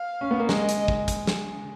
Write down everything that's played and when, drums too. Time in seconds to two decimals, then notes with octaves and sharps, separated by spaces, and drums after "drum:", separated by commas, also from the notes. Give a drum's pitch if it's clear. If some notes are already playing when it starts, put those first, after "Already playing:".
Already playing: F5
0.21 C#4
0.31 B3
0.40 A#3
0.49 G#3 D#5, drum: snare
0.69 drum: hi-hat
0.88 drum: kick
1.08 drum: kick, hi-hat
1.27 drum: snare